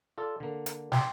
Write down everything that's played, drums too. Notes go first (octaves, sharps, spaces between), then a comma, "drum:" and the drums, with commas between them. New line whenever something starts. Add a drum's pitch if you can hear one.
F4 A4 D5
D3 A#3
drum: hi-hat
G5 C6 D6, drum: snare